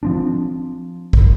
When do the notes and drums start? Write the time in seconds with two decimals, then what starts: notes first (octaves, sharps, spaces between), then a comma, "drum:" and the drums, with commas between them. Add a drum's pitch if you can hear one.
0.03 F3 C4 D4
1.13 drum: kick